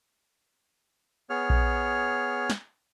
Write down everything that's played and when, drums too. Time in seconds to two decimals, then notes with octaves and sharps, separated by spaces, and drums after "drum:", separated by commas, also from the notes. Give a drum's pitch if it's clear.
1.30 B3 G#4 C#5 F6
1.50 drum: kick A#1
2.50 drum: snare